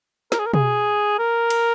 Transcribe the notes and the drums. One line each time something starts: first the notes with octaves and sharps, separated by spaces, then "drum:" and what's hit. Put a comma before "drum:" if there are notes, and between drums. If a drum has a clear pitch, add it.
A#4, drum: snare
G#4
A#4
G#4, drum: tom B2
A#4
drum: cymbal